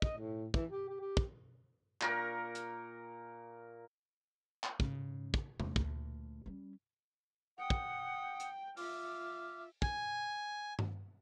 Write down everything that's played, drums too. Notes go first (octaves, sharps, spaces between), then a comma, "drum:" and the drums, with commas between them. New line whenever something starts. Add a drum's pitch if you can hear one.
D#5, drum: kick
A2
E3, drum: kick
G4
G4
G4
drum: kick
A#2 A#4 C#6, drum: clap
drum: hi-hat
drum: clap
G#2 C#3, drum: kick
drum: kick
E2 A3, drum: tom C3
D2 A#2, drum: kick
G3 C#4
F#5 G5 D#6
drum: kick
drum: hi-hat
F4 E5 D6 F6, drum: open hi-hat
G#5, drum: kick
drum: tom G2